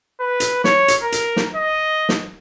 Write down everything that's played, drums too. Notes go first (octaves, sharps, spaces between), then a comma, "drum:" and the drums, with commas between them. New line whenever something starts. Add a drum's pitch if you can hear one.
B4
drum: hi-hat
C#5, drum: snare
drum: hi-hat
A#4
drum: hi-hat
drum: snare
D#5
drum: snare